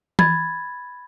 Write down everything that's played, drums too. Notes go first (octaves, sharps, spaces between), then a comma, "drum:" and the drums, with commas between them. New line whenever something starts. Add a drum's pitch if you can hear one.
B5 G#6 A6, drum: tom E3